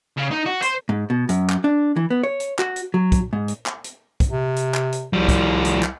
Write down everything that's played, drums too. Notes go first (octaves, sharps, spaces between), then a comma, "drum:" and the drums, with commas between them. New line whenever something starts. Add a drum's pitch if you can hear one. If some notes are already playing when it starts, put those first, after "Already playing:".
C#3
D#4
F#4
C5, drum: hi-hat
G#2
B2
F#2, drum: hi-hat
drum: clap
D4
E3
B3
C#5
drum: hi-hat
F#4, drum: clap
drum: hi-hat
F#3
drum: kick, hi-hat
G#2
drum: hi-hat
drum: clap
drum: hi-hat
drum: kick, hi-hat
C3
drum: hi-hat
drum: clap
drum: hi-hat
C2 F3 G3
drum: kick, hi-hat
drum: hi-hat
drum: clap